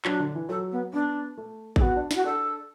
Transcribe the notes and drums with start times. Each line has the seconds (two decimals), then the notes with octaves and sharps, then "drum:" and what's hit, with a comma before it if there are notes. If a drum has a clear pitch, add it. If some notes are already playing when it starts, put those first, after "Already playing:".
0.05 F#3 D4, drum: clap
0.20 D3
0.35 E3
0.49 F#3 A4
0.71 B3
0.93 B3 D4
1.37 A3
1.76 A4, drum: kick A1
1.81 B3 F#4
1.96 D4
2.11 E4 F#4, drum: snare
2.25 D4 A4